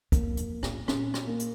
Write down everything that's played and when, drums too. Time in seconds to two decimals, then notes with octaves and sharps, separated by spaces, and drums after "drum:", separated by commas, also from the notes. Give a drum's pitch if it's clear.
0.12 E2 A#3, drum: kick, hi-hat
0.37 F2, drum: hi-hat
0.63 A2, drum: rim click
0.88 A#2 C#4, drum: rim click
1.14 drum: rim click
1.27 A#3
1.40 drum: hi-hat